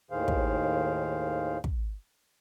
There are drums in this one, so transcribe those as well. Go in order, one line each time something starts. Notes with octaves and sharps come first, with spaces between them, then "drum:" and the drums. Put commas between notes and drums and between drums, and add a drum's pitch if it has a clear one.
D#2 A2 D#3 G#4 C5 F5
drum: kick
drum: kick